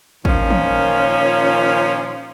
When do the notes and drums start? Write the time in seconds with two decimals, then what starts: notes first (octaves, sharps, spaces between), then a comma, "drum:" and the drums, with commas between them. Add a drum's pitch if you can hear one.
0.25 A#2 D#3 F3 C#4, drum: kick
0.50 drum: tom